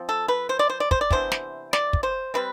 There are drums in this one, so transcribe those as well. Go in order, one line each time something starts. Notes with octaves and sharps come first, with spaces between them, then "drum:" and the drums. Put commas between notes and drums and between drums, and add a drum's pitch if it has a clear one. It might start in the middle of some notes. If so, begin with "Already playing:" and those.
Already playing: F3 C4
A4
B4
C5
D5
C5
D5
C5, drum: kick
D5
C3 E3 B3 D4 C5, drum: kick
drum: snare
D5, drum: snare
drum: kick
C5
G3 C4 B4